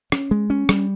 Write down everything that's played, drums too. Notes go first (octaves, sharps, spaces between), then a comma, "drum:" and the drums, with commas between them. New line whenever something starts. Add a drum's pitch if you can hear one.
C#4, drum: rim click
G#3
C#4
G3, drum: rim click